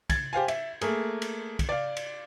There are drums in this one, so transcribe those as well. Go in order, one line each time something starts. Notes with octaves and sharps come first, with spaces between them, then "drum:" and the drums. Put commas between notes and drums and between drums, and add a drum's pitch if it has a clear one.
G#6 A6, drum: kick, cymbal
G4 C5 F5 G#5
E5, drum: cymbal
A3 A#3 G#4, drum: cymbal
drum: cymbal
drum: kick, cymbal
D5 F5
drum: cymbal